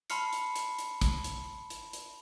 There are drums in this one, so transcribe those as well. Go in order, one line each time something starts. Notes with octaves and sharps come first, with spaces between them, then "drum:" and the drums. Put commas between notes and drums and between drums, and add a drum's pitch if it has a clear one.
A5 B5 C6 F6 C7 C#7, drum: hi-hat
drum: hi-hat
drum: hi-hat
drum: hi-hat
drum: kick, hi-hat
drum: hi-hat
drum: hi-hat
drum: hi-hat